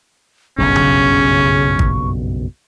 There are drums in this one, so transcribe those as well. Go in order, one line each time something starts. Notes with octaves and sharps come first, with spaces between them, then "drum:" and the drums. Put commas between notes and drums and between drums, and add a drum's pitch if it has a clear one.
F#1 B1 G2 C#3 C#4 C#6
drum: tom C#3
drum: kick G#1